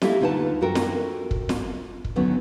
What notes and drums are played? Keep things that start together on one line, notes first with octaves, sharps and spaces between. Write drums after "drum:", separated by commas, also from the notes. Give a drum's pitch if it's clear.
A#3 E4 G4 A4 D#5 E5, drum: snare
D2 D#4 F4 B4 F#5 A5
F#2 F#4 A4 A#4 G5
drum: snare
drum: kick
drum: snare
drum: kick
D3 D#3 F#3 B3 C#4